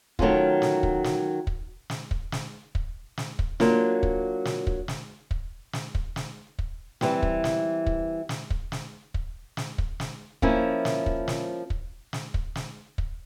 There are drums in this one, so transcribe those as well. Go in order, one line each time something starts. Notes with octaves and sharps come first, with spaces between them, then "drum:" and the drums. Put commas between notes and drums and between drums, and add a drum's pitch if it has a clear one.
D#3 F#3 A3 C#4 F4, drum: kick
drum: snare
drum: kick
drum: snare
drum: kick
drum: snare
drum: kick
drum: snare
drum: kick
drum: snare
drum: kick
F#3 A#3 D4 F4, drum: snare
drum: kick
drum: snare
drum: kick
drum: snare
drum: kick
drum: snare
drum: kick
drum: snare
drum: kick
E3 G3 C4, drum: snare
drum: kick
drum: snare
drum: kick
drum: snare
drum: kick
drum: snare
drum: kick
drum: snare
drum: kick
drum: snare
F3 A#3 C#4 E4, drum: kick
drum: snare
drum: kick
drum: snare
drum: kick
drum: snare
drum: kick
drum: snare
drum: kick